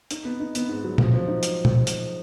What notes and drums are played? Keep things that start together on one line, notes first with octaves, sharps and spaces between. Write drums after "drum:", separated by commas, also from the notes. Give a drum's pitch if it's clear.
D#4, drum: hi-hat
B3
D#4
B3, drum: hi-hat
G#2
F#3
F3, drum: tom
F3
D#4
drum: hi-hat
drum: tom
drum: hi-hat